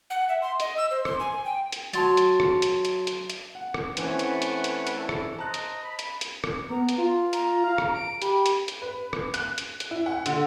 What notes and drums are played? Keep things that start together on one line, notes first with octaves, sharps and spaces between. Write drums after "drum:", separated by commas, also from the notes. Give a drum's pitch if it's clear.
F#5
E5
C6
D#5, drum: hi-hat
E6
C5
C6, drum: rim click
G#5
G5
drum: hi-hat
F#3 A5 C6 A6, drum: hi-hat
drum: hi-hat
drum: rim click
drum: hi-hat
drum: hi-hat
drum: hi-hat
drum: hi-hat
F#5
drum: rim click
E3 A3 C4 C#4 B4 F#5, drum: hi-hat
drum: hi-hat
drum: hi-hat
drum: hi-hat
drum: hi-hat
D4 E4 A4
drum: rim click
C5 D#5 A5 A#5 F#6
drum: hi-hat
B5
drum: hi-hat
drum: hi-hat
drum: rim click
B3 A#5
drum: hi-hat
F4
A#5, drum: hi-hat
F5
drum: rim click
D7
G4 B5, drum: hi-hat
drum: hi-hat
drum: hi-hat
B4
drum: rim click
F#6, drum: hi-hat
drum: hi-hat
drum: hi-hat
E4
F#5
D3, drum: hi-hat